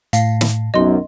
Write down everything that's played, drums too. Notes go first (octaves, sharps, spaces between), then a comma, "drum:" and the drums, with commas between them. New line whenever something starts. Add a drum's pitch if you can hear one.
A2 F5, drum: hi-hat
drum: snare
B1 F#2 D#5 C6